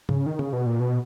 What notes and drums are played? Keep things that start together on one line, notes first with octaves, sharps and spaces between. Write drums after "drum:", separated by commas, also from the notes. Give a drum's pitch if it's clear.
C#3, drum: tom
D#3
C#3, drum: tom
B2
A#2
B2